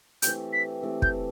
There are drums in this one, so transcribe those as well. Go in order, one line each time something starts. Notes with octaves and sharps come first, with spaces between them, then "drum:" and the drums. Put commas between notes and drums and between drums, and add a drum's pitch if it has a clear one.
E3 A3 C4 G4 G6, drum: hi-hat
B6
E3 A3 C4 G4
G6, drum: kick